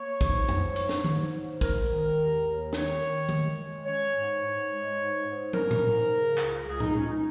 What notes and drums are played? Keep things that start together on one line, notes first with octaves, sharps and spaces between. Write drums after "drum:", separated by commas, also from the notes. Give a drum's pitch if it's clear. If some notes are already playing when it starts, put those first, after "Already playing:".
Already playing: A#3 C#5
G#2, drum: kick
G#2, drum: tom F2
F#3, drum: cymbal
drum: snare
G#2, drum: tom
G#2
G#3 A#4, drum: kick
D#3
D#2
D#2
D#3 C#5, drum: snare
D#3
G#3, drum: tom
G#3
C#4 C#5
G#2
G#2
G#3
G#2
G#2
C#4 A#4, drum: tom
drum: tom A2
G#2
C#3
C#2, drum: clap
C#2 G#4
D#4, drum: tom A2
C#2 C#4
D#4